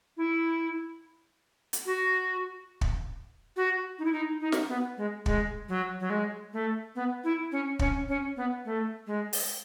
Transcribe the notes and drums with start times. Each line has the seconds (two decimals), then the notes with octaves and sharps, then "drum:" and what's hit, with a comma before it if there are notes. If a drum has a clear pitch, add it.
0.17 E4
1.73 drum: hi-hat
1.86 F#4
2.81 drum: kick
3.56 F#4
3.99 D#4
4.05 E4
4.12 D#4
4.40 D#4
4.52 drum: snare
4.69 B3
4.97 G#3
5.26 G#3, drum: kick
5.69 F#3
6.00 F#3
6.10 G#3
6.53 A3
6.95 B3
7.24 E4
7.52 C#4
7.79 C#4, drum: kick
8.09 C#4
8.37 B3
8.65 A3
9.07 G#3
9.33 drum: open hi-hat